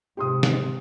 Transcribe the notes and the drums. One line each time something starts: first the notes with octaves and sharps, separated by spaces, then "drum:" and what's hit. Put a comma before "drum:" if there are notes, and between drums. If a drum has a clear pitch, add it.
G#2 C3 G4 C6 D#6
drum: snare